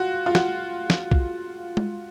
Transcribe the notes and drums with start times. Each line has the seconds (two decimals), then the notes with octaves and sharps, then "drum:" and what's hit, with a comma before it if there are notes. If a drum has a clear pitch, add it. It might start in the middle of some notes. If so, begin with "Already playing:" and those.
Already playing: F4 F#4
0.26 F4
0.35 F#4, drum: snare
0.90 drum: snare
1.11 drum: kick
1.77 drum: tom G#3